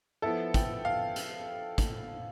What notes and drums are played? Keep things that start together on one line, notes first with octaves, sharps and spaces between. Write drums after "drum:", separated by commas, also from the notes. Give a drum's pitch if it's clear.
F3 B3 E4 A4
G5, drum: kick, hi-hat
F5
drum: hi-hat
drum: kick, hi-hat